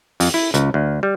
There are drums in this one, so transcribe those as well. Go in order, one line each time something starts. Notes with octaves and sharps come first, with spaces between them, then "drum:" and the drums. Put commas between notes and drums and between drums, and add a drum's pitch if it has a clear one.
F2, drum: open hi-hat
E4
C#2, drum: hi-hat
D2
G3